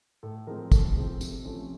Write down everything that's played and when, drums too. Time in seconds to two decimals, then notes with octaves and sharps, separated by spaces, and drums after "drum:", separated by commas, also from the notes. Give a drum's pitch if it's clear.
0.23 A2 A4
0.47 F3 G#3 C4 A#4
0.72 A2 A4, drum: kick, tambourine
0.96 F3 G#3 C4
1.21 C3, drum: tambourine
1.45 F3 A3 C#4